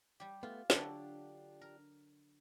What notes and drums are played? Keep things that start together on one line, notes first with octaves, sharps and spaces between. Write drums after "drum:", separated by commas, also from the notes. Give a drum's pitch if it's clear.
G3 G4
A3 B3 F4
D3 F#3 D4 F4 G4 A4, drum: snare
A#4